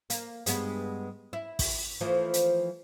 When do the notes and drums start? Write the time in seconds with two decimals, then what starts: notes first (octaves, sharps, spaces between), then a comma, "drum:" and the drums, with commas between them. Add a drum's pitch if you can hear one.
0.10 A#3, drum: hi-hat
0.46 G2 G#3 B3, drum: hi-hat
1.33 E4
1.59 drum: kick, open hi-hat
2.01 E3 F3 A3
2.34 drum: hi-hat